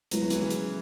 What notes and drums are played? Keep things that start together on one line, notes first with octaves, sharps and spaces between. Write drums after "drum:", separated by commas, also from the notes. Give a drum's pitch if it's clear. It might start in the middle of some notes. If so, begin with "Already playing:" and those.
F#3 G#3 B3 E4, drum: hi-hat
F#3
E3, drum: hi-hat
C#3
drum: hi-hat